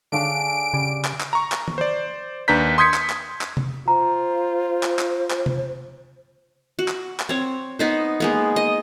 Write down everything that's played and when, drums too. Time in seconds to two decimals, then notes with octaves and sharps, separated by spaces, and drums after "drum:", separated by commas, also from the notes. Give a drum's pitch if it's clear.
0.12 D3 D4 G#4 C#5 F5 A5 D7
0.74 C#3 G3
1.05 drum: clap
1.20 drum: clap
1.33 A#5 C#6
1.52 drum: clap
1.68 drum: tom
1.78 C5 D5
2.48 D#2 D4 B4 A#5 G6 B6
2.78 C6 D#6 G6 G#6 B6 C#7
2.94 drum: clap
3.10 drum: clap
3.41 drum: clap
3.57 drum: tom C3
3.88 F4 C5 A#5
4.83 drum: clap
4.99 drum: clap
5.30 drum: clap
5.46 drum: tom C3
6.79 F#4
6.88 drum: clap
7.20 drum: clap
7.29 C4 C#5
7.79 B3 D#4 C5
8.20 G#3 A#3 B3
8.56 D#5